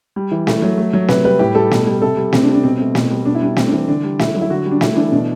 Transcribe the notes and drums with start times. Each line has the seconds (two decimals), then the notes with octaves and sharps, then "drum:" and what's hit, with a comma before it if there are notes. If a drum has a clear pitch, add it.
0.16 G3
0.31 E3
0.47 A3, drum: snare
0.62 F#3
0.77 A3
0.93 F#3
1.08 C3 B4, drum: snare
1.24 G3 B4
1.39 A2 G4
1.55 G3 A4
1.71 B2, drum: snare
1.87 G3
2.02 C3 A4
2.17 G3
2.33 C3 C4, drum: snare
2.43 D4
2.48 G3
2.54 D4
2.63 B2 C4
2.78 A3 C4
2.95 B2, drum: snare
3.11 G3
3.25 B2 D4
3.35 E4
3.41 G3 D4
3.56 G3 C4, drum: snare
3.67 D4
3.72 E3 C4
3.88 D3 D4
4.04 G3
4.19 A3 E4, drum: snare
4.35 F#3
4.42 E4
4.50 D3 F#4
4.66 G3
4.71 D4
4.81 A3 E4, drum: snare
4.96 E3 D4
5.12 B2 D4